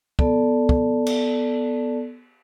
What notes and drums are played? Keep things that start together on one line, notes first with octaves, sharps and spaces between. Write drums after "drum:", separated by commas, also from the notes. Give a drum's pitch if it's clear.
B3 A4 D5 A5, drum: kick
drum: kick
drum: cymbal